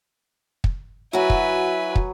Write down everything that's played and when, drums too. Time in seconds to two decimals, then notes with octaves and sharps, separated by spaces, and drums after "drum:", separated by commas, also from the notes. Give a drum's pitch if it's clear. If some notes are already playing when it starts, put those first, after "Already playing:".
0.64 drum: kick
1.13 F#3 E4 F#4 B4 E5 G#5
1.30 drum: kick
1.95 drum: kick